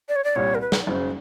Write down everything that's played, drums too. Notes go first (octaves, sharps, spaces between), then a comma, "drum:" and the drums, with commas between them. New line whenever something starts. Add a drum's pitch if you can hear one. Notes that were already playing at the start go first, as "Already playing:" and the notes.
D5
C#5
D5
C2 A#2 G3 C#5
A#4
B4
drum: snare
F#1 F#2 C#3 C5